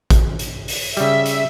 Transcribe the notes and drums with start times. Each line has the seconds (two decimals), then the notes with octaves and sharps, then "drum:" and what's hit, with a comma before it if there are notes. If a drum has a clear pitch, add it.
0.10 drum: kick A1, hi-hat
0.39 drum: hi-hat
0.68 drum: open hi-hat
0.97 C#3 G3 E5, drum: hi-hat
1.26 drum: hi-hat